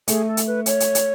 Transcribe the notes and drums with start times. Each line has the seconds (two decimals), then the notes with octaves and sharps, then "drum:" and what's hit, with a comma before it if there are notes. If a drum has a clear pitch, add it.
0.08 A3 G#4, drum: hi-hat
0.27 A4
0.37 drum: hi-hat
0.47 B4
0.66 C#5, drum: hi-hat
0.80 drum: hi-hat
0.95 drum: hi-hat